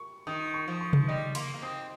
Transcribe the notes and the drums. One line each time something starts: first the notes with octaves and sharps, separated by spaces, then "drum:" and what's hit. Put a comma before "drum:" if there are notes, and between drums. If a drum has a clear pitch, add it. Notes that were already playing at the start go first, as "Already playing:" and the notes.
Already playing: C#6
D#3 D#6
C#6
F3
C#6
drum: tom C3
G3 D#5
A#3 C6, drum: cymbal
A#3
C4 D#6